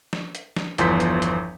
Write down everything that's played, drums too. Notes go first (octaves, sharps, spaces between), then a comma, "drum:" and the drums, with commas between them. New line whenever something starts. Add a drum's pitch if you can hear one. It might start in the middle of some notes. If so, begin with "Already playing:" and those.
drum: snare
drum: hi-hat
drum: snare
G1 E2 F3 C6 G6 B6, drum: hi-hat
drum: hi-hat
drum: hi-hat